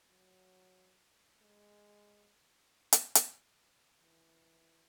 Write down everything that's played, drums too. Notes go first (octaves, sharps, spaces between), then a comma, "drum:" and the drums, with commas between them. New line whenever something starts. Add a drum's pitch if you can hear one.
F#3
G#3
drum: hi-hat
drum: hi-hat
E3